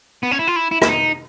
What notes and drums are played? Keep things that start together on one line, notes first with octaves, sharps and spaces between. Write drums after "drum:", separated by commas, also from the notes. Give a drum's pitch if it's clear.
B3
C#4
E4
F4
E4
E4
E4, drum: rim click
D#4